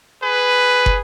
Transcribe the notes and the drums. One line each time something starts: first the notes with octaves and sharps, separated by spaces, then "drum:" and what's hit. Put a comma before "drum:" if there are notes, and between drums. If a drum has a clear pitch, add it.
G#4 B4
drum: kick